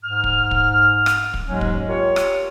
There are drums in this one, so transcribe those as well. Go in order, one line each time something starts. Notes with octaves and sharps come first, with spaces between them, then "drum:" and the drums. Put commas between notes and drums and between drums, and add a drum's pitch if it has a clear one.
G#2 F6
drum: kick
drum: kick
drum: rim click
drum: kick
D#2 G#2 F#3 G#3 C#4
drum: kick
F4 G4 A#4 C#5
drum: rim click